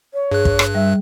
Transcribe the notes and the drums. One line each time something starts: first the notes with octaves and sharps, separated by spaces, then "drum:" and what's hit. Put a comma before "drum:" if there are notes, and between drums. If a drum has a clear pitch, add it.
C#5
G2 G#4 F#6
drum: kick
drum: rim click
G3 E5